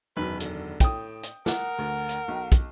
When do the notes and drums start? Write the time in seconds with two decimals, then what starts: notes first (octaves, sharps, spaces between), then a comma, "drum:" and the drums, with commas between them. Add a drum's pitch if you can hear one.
0.17 E1 F#2 D#3 B4
0.40 D3, drum: hi-hat
0.80 A2 G5 D#6, drum: kick, hi-hat
1.23 drum: hi-hat
1.46 A#4 F#5, drum: snare
1.78 D2
2.09 drum: hi-hat
2.28 B1
2.52 drum: kick, hi-hat